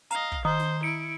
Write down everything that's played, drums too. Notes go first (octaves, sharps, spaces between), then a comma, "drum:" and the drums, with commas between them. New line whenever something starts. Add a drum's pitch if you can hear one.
D#5 F5 A#5, drum: hi-hat
drum: kick
D#3 C5 D#6
drum: snare
E4 C#7 D7